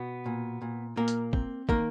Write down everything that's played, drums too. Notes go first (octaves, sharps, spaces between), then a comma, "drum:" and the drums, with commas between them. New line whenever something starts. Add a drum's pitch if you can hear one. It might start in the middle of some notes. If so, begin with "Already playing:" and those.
Already playing: B2 B3
A#2
A#2
A#2 A#3 A#4
drum: hi-hat
C4, drum: kick
D#3 A#3 A#4, drum: kick